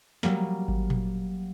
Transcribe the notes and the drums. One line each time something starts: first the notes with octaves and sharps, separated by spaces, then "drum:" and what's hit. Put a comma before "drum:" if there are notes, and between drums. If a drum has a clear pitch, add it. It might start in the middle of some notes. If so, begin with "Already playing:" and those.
F#3 G3 A#3, drum: snare
drum: kick G#1
drum: tom A#2